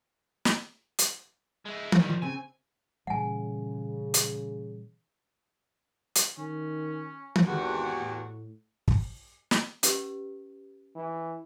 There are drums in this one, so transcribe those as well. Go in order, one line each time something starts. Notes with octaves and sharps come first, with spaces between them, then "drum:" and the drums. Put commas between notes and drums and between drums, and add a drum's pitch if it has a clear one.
drum: snare
drum: hi-hat
G#3 E4
D#3 G3, drum: tom D#3
F3
C#3 C4 G#5
A#2 C#3 E3 G3 F#5 G#5
drum: hi-hat
drum: hi-hat
D#3 C#4
drum: tom D#3
G#1 E2 F#4 G4
A2
drum: kick
drum: snare
C#4 G4 B4, drum: hi-hat
E3